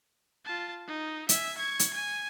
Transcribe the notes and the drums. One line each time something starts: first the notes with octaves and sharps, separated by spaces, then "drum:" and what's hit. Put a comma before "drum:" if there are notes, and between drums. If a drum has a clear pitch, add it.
F4 A5
D#4
E5 G#5, drum: hi-hat
C#6 G#6
drum: hi-hat
G#5